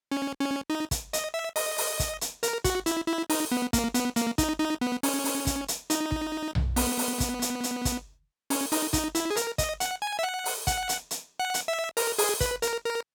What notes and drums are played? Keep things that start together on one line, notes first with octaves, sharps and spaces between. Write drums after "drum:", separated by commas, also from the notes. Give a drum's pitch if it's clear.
C#4
C#4
D#4
drum: kick, hi-hat
D#5, drum: hi-hat
E5
D#5, drum: open hi-hat
drum: open hi-hat
drum: kick, hi-hat
drum: hi-hat
A#4, drum: hi-hat
F#4, drum: kick, hi-hat
E4, drum: hi-hat
E4
D#4, drum: open hi-hat
B3
A#3, drum: kick, hi-hat
B3, drum: hi-hat
A#3, drum: hi-hat
D#4, drum: kick, hi-hat
D#4
B3
C#4, drum: open hi-hat
drum: open hi-hat
drum: kick, hi-hat
drum: hi-hat
D#4, drum: hi-hat
drum: kick
drum: tom B1
B3, drum: open hi-hat
drum: open hi-hat
drum: kick, hi-hat
drum: hi-hat
drum: hi-hat
drum: kick, hi-hat
C#4, drum: open hi-hat
D#4, drum: open hi-hat
D#4, drum: kick, hi-hat
E4, drum: hi-hat
G#4
A#4, drum: hi-hat
D#5, drum: kick, hi-hat
F#5, drum: hi-hat
G#5
E5
F#5
drum: open hi-hat
F#5, drum: kick, hi-hat
drum: hi-hat
drum: hi-hat
F#5
drum: hi-hat
E5
A#4, drum: open hi-hat
G#4, drum: open hi-hat
B4, drum: kick, hi-hat
A#4, drum: hi-hat
A#4